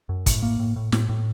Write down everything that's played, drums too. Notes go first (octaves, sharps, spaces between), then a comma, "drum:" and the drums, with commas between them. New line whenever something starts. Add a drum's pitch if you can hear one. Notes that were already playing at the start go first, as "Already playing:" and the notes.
F#2
A2, drum: kick, hi-hat
A#3
A2
A2
A2, drum: snare
A2